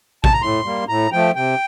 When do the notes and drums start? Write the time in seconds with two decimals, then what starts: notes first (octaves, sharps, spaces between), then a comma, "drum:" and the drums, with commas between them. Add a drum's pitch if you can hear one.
0.24 A5, drum: kick
0.33 A#5
0.42 A2 C6
0.65 G3 A#3
0.88 A2 A#5
1.12 F3 A3 G5
1.36 C3 G5